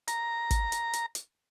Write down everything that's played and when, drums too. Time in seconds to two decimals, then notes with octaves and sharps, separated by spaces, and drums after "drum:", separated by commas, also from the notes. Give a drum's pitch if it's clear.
0.08 A#5, drum: hi-hat
0.51 drum: kick, hi-hat
0.72 drum: hi-hat
0.93 drum: hi-hat
1.15 drum: hi-hat